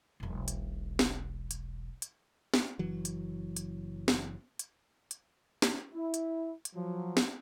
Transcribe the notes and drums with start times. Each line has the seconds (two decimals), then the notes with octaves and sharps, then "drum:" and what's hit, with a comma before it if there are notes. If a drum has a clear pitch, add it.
0.20 E1 B1
0.48 drum: hi-hat
0.99 drum: snare
1.51 drum: hi-hat
2.02 drum: hi-hat
2.54 drum: snare
2.79 F#1 E3 F#3
3.05 drum: hi-hat
3.56 drum: hi-hat
4.08 drum: snare
4.59 drum: hi-hat
5.11 drum: hi-hat
5.62 drum: snare
5.94 E4
6.14 drum: hi-hat
6.65 drum: hi-hat
6.75 F3 F#3
7.17 drum: snare